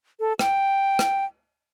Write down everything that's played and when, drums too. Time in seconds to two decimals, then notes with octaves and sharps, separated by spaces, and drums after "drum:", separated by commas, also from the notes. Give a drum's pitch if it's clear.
0.20 A4
0.39 G5, drum: rim click
0.99 drum: rim click